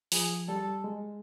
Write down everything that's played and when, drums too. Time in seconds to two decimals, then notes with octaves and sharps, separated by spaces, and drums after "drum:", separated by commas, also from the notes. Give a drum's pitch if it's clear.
0.12 F3 G#4, drum: open hi-hat
0.48 G3 A4
0.84 G#3